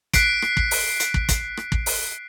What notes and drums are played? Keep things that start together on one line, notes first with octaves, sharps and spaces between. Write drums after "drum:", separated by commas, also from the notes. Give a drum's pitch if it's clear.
F#6 B6 C7 D7, drum: kick, hi-hat
drum: rim click
drum: kick
drum: open hi-hat
drum: hi-hat
drum: kick
drum: kick, hi-hat
drum: rim click
drum: kick
drum: open hi-hat